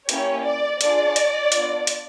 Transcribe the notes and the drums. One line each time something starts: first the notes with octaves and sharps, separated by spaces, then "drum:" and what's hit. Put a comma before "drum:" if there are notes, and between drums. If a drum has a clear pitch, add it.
A#3 C#4 E4 G4 C#5, drum: hi-hat
D5
D4 F4 G#4 D5, drum: hi-hat
drum: hi-hat
B3 D4 F4, drum: hi-hat
drum: hi-hat